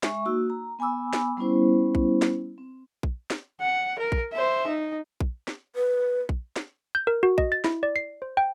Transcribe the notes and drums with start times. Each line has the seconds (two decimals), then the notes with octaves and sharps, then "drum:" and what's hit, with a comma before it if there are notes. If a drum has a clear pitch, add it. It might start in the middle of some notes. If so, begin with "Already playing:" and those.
0.03 G#3 E5 C#6, drum: snare
0.25 A#3 D#4 F#4 E6
0.50 A#5
0.79 B3 G#5 B5 D6 E6
1.13 drum: snare
1.37 G3 B3 C#4 E4 C5
1.95 drum: kick A#1
2.22 drum: snare
2.58 C4
3.03 drum: kick A#1
3.30 drum: snare
3.60 F#5
3.99 A#4
4.12 drum: kick A#1
4.33 C5 E5
4.68 D#4
5.20 drum: kick A#1
5.48 drum: snare
5.75 B4
6.29 drum: kick A#1
6.56 drum: snare
6.95 G6
7.07 A#4
7.23 F#4
7.38 D#5, drum: kick A#1
7.52 A6
7.64 E4, drum: snare
7.83 D5
7.96 C7
8.22 C5
8.37 G5